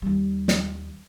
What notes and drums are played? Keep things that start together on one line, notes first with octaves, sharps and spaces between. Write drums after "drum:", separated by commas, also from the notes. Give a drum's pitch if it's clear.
D#2 G3
drum: snare